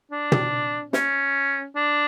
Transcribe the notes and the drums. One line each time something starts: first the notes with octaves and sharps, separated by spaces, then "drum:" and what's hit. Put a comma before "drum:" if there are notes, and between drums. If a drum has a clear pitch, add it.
D4
drum: tom
C#4, drum: snare
D4